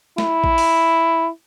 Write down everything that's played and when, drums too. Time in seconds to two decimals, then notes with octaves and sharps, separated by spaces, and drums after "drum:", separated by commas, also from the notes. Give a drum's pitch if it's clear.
0.18 E4, drum: snare
0.44 drum: kick A1
0.58 drum: open hi-hat